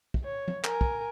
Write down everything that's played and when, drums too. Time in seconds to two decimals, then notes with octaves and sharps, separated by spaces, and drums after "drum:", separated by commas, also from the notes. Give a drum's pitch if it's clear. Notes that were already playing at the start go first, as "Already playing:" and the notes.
0.14 drum: kick
0.24 C#5
0.48 drum: tom
0.64 A#4 G#5, drum: clap
0.81 drum: kick